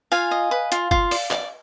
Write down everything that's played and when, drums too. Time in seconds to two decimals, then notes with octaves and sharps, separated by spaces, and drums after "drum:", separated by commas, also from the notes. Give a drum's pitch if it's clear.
0.11 F4 F5 G#5
0.31 D#5
0.51 B4
0.72 F4, drum: hi-hat
0.91 F4, drum: kick G1
1.11 D5, drum: open hi-hat
1.31 D5, drum: clap